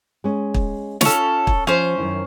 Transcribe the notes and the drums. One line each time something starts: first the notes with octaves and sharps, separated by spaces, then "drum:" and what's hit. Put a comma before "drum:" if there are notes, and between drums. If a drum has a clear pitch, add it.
G#3 C#4
drum: kick
C#4 F4 A4, drum: snare
drum: kick
F3 C#4 C5
F#2 D#3 E4